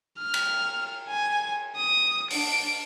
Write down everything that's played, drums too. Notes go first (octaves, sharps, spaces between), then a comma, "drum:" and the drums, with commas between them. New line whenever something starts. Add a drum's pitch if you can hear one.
F6
drum: cymbal
G#5
D#6
D4 D7, drum: open hi-hat